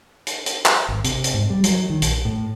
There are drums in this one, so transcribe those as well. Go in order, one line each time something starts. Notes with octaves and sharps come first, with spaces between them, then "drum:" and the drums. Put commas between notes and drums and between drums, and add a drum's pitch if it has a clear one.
drum: hi-hat
drum: hi-hat
drum: clap
G#1
C3, drum: hi-hat
drum: hi-hat
G#2
G3
F#3, drum: hi-hat
D#3
A#1, drum: hi-hat
A2